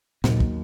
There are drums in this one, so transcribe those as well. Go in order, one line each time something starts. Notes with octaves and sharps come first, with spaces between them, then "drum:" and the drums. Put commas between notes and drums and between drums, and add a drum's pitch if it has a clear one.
D#2 A#2 D#3 F#3, drum: snare
drum: kick